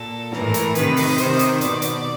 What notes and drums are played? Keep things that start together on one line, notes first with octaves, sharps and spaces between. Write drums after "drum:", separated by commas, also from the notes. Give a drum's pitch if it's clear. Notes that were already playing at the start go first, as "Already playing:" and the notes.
Already playing: A#2 A4
A2 E3 A#4, drum: snare
drum: hi-hat
C3 D#3 B4, drum: hi-hat
drum: open hi-hat
C3 D#3 C5, drum: hi-hat
drum: hi-hat
B2 D5, drum: hi-hat
drum: hi-hat